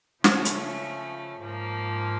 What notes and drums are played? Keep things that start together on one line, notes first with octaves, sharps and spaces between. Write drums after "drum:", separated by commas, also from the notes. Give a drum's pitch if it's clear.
C#3 F3 A3 C#4, drum: snare
drum: hi-hat
G#2 F3 A#3